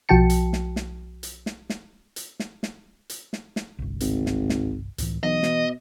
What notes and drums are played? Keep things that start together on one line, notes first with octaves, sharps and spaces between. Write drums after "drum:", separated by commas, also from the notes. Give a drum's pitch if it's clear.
B1 F3 F#4 G5 A5 C#7
drum: hi-hat
drum: snare
drum: snare
drum: hi-hat
drum: snare
drum: snare
drum: hi-hat
drum: snare
drum: snare
drum: hi-hat
drum: snare
drum: snare
G1 C2
G#1, drum: hi-hat
drum: snare
drum: snare
C#2 A2 E3, drum: hi-hat
B1 E3 D#5
B2, drum: snare